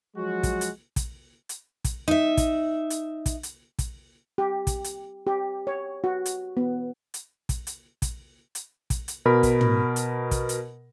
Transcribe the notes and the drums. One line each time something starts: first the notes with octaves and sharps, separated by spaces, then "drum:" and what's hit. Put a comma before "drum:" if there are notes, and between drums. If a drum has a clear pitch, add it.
F3 F#3 G#3 F#4
drum: kick, hi-hat
drum: hi-hat
drum: kick, hi-hat
drum: hi-hat
drum: kick, hi-hat
D#4 E5
drum: kick, hi-hat
drum: hi-hat
drum: kick, hi-hat
drum: hi-hat
drum: kick, hi-hat
G4
drum: kick, hi-hat
drum: hi-hat
G4
C#5
F#4
drum: hi-hat
B3
drum: hi-hat
drum: kick, hi-hat
drum: hi-hat
drum: kick, hi-hat
drum: hi-hat
drum: kick, hi-hat
drum: hi-hat
B2 A#4 B5
drum: kick, hi-hat
drum: tom
drum: hi-hat
drum: kick, hi-hat
drum: hi-hat